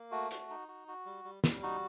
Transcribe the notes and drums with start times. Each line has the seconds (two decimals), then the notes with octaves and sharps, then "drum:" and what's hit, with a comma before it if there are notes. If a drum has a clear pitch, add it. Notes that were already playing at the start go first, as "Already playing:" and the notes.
Already playing: A#3
0.11 A3 F#4
0.31 F#4, drum: hi-hat
0.50 D#4
0.68 F#4
0.88 F#4
1.05 G3
1.24 G3
1.44 G3, drum: snare
1.63 D#4 F#4